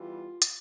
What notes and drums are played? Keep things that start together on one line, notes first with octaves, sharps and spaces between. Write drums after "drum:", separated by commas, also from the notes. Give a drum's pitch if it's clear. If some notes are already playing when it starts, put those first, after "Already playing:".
Already playing: E2 E3 G3 F4
drum: hi-hat